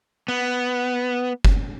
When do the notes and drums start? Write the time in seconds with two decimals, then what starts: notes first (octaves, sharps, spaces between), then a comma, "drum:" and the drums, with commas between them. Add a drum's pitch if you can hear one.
0.28 B3
1.45 drum: kick F#1